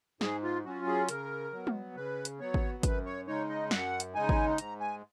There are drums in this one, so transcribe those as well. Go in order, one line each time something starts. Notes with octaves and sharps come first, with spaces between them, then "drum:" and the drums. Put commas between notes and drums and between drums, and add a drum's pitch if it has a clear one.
G#2 G#4, drum: snare
F4
F#3 C#4 F4 F#4
G#4
C#3 A#4, drum: hi-hat
F#3 B3
drum: tom G3
C#3 B4
drum: hi-hat
F#3 B3 C#5
drum: kick G#1
F#2 B4, drum: kick G#1, hi-hat
C#5
C#3 G#3 D#4 C#5
D#5
F#2 F#5, drum: snare
drum: hi-hat
C#3 G#3 D#4 G#5
drum: kick G#1
G#2 A#5, drum: hi-hat
G#5